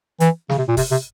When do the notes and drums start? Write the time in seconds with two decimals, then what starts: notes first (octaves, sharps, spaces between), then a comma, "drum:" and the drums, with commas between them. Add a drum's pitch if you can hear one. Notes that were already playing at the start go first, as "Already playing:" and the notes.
0.20 E3, drum: hi-hat
0.49 C#3, drum: snare
0.58 C3
0.68 A#2
0.77 C3, drum: kick, open hi-hat
0.91 C3